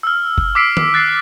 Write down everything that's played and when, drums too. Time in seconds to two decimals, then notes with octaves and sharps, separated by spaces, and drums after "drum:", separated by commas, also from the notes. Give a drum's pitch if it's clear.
0.03 E6 F6
0.38 drum: kick G1
0.55 D6 E6 B6 C7 D7
0.77 drum: tom D#3
0.94 F#6 A6 B6 C7